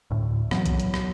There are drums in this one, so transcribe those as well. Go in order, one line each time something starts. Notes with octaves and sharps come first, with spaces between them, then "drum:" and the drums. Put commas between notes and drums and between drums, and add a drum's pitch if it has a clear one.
D2 A2
E3 F#3 B3, drum: rim click
drum: kick A#1, hi-hat
drum: hi-hat
drum: rim click